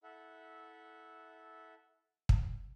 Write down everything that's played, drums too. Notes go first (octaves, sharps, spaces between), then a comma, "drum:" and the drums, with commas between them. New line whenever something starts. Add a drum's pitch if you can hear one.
E4 A4 E5 F#5
drum: kick